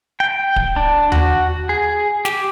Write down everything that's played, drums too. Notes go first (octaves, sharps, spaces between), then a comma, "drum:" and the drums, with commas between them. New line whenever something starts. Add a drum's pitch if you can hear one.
G5
drum: kick
D4
F#4, drum: tom D#2
G#4
G4, drum: snare